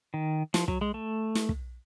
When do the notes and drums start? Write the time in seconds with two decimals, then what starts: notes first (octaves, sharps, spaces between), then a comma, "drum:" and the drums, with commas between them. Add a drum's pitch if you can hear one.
0.14 D#3
0.54 F3, drum: snare
0.68 F#3, drum: kick
0.81 G#3
0.94 A3
1.35 drum: snare
1.49 drum: kick